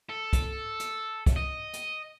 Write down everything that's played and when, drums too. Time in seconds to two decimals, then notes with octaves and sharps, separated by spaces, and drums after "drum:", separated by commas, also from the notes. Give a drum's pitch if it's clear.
0.09 A4
0.33 drum: kick, hi-hat
0.80 drum: hi-hat
1.26 drum: kick, hi-hat
1.36 D#5
1.73 drum: hi-hat